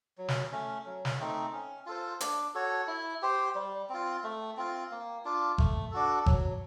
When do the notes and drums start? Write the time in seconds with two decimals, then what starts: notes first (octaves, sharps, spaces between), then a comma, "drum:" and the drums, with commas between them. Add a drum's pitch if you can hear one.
0.18 F#3
0.28 drum: snare
0.52 A3 C#4
0.85 F#3
1.05 drum: snare
1.19 A3 C4 D#4
1.53 C#4
1.86 F4 A4 C5
2.20 D4, drum: hi-hat
2.54 F#4 A4 C#5
2.87 E4
3.22 G4 C5
3.55 G3
3.89 C4 F4
4.24 A3
4.57 C4 F4
4.91 A#3
5.25 D4 F4
5.58 A3, drum: kick G1
5.91 D4 F#4 A4
6.26 F#3, drum: kick G1